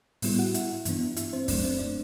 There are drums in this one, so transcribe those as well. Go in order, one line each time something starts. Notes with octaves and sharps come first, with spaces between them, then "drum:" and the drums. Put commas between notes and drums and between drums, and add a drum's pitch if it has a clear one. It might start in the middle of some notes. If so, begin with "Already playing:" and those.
A2 G3 B3 E4, drum: open hi-hat
F#4 F#5
E4 E5, drum: hi-hat
G2 E3 B3 D4, drum: hi-hat
E4 E5, drum: hi-hat
C4 C5
F#2 F#3 A3 D4 D5, drum: kick, open hi-hat
C4 C5
D4 D5